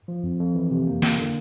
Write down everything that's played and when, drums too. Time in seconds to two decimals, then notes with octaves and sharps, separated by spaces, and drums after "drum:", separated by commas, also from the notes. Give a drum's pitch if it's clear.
0.08 F3
0.24 F2
0.40 F2
0.55 E3
0.71 C3
0.87 A#3
1.02 A#3, drum: snare
1.18 D3